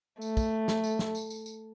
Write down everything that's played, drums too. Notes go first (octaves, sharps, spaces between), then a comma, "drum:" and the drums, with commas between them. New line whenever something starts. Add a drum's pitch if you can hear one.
A3, drum: tambourine
drum: kick, tambourine
drum: snare
drum: tambourine
drum: snare
drum: tambourine
drum: tambourine
drum: tambourine